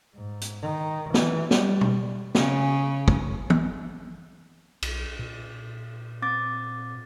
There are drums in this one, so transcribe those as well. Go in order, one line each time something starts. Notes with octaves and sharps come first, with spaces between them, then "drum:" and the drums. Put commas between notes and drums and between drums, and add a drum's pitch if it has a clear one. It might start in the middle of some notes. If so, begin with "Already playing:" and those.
G#2
drum: hi-hat
D#3
E3, drum: snare
G3, drum: snare
drum: tom B2
C#3, drum: snare
drum: kick
drum: tom
B1, drum: cymbal
A#2
C4 D6 A6